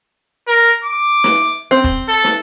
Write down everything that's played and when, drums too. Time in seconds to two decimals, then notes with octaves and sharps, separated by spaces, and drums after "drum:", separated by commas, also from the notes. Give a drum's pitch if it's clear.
0.47 A#4
0.84 D6
1.24 drum: snare
1.71 C4
1.84 drum: kick
2.08 A4
2.24 drum: snare